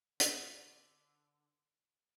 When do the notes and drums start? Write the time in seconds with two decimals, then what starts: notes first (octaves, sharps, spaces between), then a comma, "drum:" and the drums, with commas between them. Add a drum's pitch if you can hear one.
0.20 D3 B4 B5, drum: hi-hat